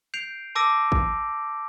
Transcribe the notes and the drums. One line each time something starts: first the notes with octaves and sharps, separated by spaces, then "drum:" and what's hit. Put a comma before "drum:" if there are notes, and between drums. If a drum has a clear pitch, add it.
G6 C7 D7 F7
A5 D6 E6 A#6 D7
drum: kick A1